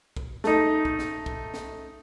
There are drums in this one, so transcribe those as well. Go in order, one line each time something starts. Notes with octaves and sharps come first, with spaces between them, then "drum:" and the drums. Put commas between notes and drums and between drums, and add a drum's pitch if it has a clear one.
drum: kick
A3 D#4, drum: snare
drum: kick
drum: snare
drum: kick
drum: snare